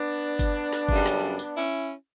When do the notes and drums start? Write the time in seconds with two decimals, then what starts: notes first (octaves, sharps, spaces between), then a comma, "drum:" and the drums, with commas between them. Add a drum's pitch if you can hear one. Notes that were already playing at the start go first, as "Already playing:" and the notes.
Already playing: B3 D4
0.39 drum: kick G1, tambourine
0.73 drum: snare
0.89 F#2 C#3 G3, drum: kick G1
1.06 drum: snare
1.39 drum: tambourine
1.56 C#4 E4